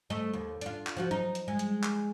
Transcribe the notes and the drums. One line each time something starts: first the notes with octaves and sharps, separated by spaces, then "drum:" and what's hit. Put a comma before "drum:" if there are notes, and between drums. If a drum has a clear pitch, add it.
A3 D#5
D#2
D4 F4, drum: hi-hat
drum: clap
F3 F4 F#4
D#4, drum: tom F#3
drum: hi-hat
G#3
drum: hi-hat
drum: clap